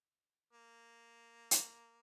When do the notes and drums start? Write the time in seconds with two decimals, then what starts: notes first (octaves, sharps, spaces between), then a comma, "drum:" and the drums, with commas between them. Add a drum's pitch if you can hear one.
0.53 A#3
1.51 drum: hi-hat